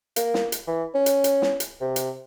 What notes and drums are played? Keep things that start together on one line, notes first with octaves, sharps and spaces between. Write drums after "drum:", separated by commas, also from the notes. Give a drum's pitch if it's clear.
A#3, drum: hi-hat
drum: snare
drum: hi-hat
E3
C#4
drum: hi-hat
drum: hi-hat
drum: snare
drum: hi-hat
C3
drum: hi-hat